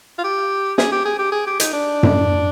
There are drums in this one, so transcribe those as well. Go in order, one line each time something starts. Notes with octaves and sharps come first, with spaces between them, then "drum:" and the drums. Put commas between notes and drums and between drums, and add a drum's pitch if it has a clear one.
F4
G4
G#4, drum: snare
G4
G#4
G4
G#4
G4
D#4, drum: hi-hat
D4
drum: tom F#2